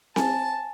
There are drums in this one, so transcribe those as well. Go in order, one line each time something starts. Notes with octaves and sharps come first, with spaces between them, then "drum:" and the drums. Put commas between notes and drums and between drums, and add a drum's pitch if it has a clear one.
G#5 A5, drum: snare C4